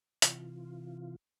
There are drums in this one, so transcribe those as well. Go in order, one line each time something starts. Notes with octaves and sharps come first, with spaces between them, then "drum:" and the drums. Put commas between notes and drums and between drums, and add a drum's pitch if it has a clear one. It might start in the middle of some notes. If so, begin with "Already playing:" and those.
C3 E3 F4, drum: hi-hat